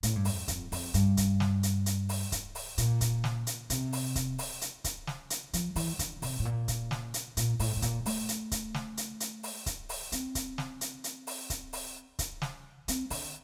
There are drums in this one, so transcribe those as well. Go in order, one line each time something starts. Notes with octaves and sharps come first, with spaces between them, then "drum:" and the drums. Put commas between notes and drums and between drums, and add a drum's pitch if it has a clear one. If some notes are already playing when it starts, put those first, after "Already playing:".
A2, drum: hi-hat
G2
F2, drum: open hi-hat
F2, drum: kick C#1, hi-hat
F2, drum: open hi-hat
G2, drum: hi-hat
drum: kick C#1, hi-hat
drum: snare
drum: hi-hat
drum: hi-hat
drum: open hi-hat
drum: kick C#1, hi-hat
drum: open hi-hat
A#2, drum: hi-hat
drum: kick C#1, hi-hat
drum: snare
drum: hi-hat
C3, drum: hi-hat
drum: open hi-hat
drum: kick C#1, hi-hat
drum: open hi-hat
drum: hi-hat
drum: kick C#1, hi-hat
drum: snare
drum: hi-hat
F3, drum: hi-hat
E3, drum: open hi-hat
D3, drum: kick C#1, hi-hat
C3, drum: open hi-hat
A2
A#2
drum: kick C#1, hi-hat
drum: snare
drum: hi-hat
A#2, drum: hi-hat
A2, drum: open hi-hat
A2
A#2, drum: kick C#1, hi-hat
A3, drum: open hi-hat
drum: hi-hat
drum: kick C#1, hi-hat
drum: snare
drum: hi-hat
drum: hi-hat
drum: open hi-hat
drum: kick C#1, hi-hat
drum: open hi-hat
C4, drum: hi-hat
drum: kick C#1, hi-hat
drum: snare
drum: hi-hat
drum: hi-hat
drum: open hi-hat
drum: kick C#1, hi-hat
drum: open hi-hat
drum: kick C#1, hi-hat
drum: snare
C4, drum: hi-hat
D3, drum: open hi-hat